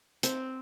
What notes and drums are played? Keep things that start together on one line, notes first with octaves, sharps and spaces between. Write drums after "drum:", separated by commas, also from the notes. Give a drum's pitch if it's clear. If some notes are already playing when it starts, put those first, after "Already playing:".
C4, drum: hi-hat